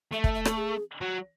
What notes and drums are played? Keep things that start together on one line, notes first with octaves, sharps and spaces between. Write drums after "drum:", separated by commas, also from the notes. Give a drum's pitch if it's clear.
A3 E5
E5, drum: kick
E5
A4, drum: rim click
G#4
F#3